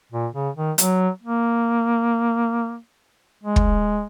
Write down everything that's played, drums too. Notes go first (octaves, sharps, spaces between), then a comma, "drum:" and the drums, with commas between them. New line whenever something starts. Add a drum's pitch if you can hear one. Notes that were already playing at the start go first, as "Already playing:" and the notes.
A#2
C#3
D#3
F#3, drum: hi-hat
A#3
G#3
drum: kick